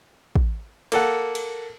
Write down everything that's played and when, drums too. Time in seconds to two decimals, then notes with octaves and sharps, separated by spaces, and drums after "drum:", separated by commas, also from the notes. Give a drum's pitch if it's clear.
0.36 drum: kick
0.92 A#3 A4 F#5, drum: cymbal
1.35 drum: cymbal